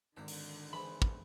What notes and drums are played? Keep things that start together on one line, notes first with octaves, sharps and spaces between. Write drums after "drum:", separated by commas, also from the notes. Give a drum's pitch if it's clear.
G#1 D3 D#3 A4 A#4 D5
drum: open hi-hat
E3 G#3 C4 B5
drum: kick